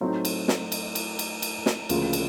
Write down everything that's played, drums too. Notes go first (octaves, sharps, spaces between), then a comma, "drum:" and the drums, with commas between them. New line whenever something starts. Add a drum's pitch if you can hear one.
A2 F#3 A3 C4 D#4
drum: cymbal
drum: snare
drum: cymbal
drum: cymbal
drum: cymbal
drum: cymbal
drum: snare
D2 C#3 F3 A#3, drum: cymbal
drum: cymbal